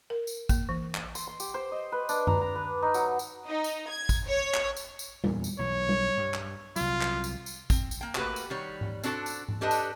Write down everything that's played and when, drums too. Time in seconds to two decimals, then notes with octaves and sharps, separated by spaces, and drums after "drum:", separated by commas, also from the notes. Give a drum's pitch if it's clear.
0.10 A#4
0.27 drum: tambourine
0.49 A#3, drum: kick, tambourine
0.69 E3
0.95 drum: clap
1.15 C6, drum: tambourine
1.27 C6
1.40 G4, drum: tambourine
1.54 C5
1.72 D#5
1.92 B4
2.09 D4, drum: tambourine
2.27 A#5, drum: tom F#2
2.41 A#5
2.55 B4
2.82 D#4
2.94 F#3, drum: tambourine
3.19 drum: tambourine
3.47 D#4
3.64 drum: tambourine
3.91 G#6
4.09 drum: kick, tambourine
4.27 C#5
4.54 drum: clap
4.77 drum: tambourine
4.99 drum: tambourine
5.24 E2 G2 A#2, drum: tom G3
5.44 drum: tambourine
5.59 B1 E3 C#5
5.89 drum: tom G3
6.17 G2
6.34 drum: clap
6.76 C2 F#3 F4, drum: tambourine
7.01 drum: clap
7.24 drum: tambourine
7.46 drum: tambourine
7.70 C4, drum: kick, tambourine
7.91 drum: tambourine
8.01 A#3 G5
8.15 A3 A#3 F#4 G4 B4, drum: clap
8.36 drum: tambourine
8.50 D#3 G3 C#5
8.81 drum: tom G#2
9.04 C4 D4 F#4 A4 D5, drum: tambourine
9.26 drum: tambourine
9.48 drum: tom G#2
9.61 D4 G4 A4 B4 D#5
9.71 drum: tambourine